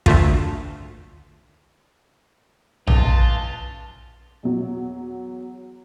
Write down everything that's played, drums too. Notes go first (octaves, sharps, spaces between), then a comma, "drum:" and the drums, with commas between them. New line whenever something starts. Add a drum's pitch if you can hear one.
D2 A3 F4, drum: kick
C#2 F4 B4 A5, drum: tom A#1
E2 F#3